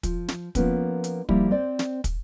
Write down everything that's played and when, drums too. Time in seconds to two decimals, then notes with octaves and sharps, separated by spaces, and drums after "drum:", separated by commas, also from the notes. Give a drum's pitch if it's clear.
0.03 F3, drum: kick, hi-hat
0.28 drum: snare
0.55 F3 A#3 B3 C#4, drum: kick, hi-hat
1.04 drum: hi-hat
1.29 F3 G3 A#3 E4, drum: kick
1.51 C4 C5 D5
1.79 drum: snare
2.04 drum: kick, hi-hat